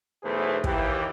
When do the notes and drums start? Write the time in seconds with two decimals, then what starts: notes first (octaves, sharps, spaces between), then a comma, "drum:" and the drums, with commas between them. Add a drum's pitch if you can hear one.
0.23 B1 E2 A3 G#4 B4 C5
0.64 D#2 E3 G4, drum: kick